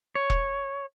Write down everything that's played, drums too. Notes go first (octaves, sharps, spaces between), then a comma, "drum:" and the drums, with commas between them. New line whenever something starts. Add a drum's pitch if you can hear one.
C#5
drum: kick E1